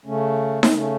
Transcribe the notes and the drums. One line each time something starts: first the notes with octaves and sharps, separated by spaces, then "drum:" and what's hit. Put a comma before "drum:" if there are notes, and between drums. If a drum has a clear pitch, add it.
C#3 A3 C#4
drum: snare D#4
C#3 A3 C#4